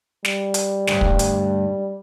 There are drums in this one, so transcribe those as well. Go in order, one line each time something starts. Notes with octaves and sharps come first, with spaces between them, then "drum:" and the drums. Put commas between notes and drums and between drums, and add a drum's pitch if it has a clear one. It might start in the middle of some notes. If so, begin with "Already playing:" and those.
G3, drum: snare
drum: hi-hat
D2 G2, drum: snare
drum: kick
drum: hi-hat